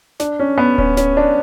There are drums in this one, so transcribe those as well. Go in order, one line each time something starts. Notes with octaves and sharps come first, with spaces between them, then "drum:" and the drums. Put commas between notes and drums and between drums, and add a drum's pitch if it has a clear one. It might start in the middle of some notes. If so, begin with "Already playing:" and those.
D4, drum: snare
C#4
B3
C#4, drum: kick D1
C#4, drum: snare
D4